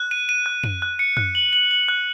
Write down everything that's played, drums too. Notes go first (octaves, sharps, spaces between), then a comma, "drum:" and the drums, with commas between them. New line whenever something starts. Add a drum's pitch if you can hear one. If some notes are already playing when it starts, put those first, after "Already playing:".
Already playing: F#6
D#7
D#7
F#6
D#7, drum: tom
F#6
C#7
F#6, drum: tom
F#7
F#7
F#7
F#6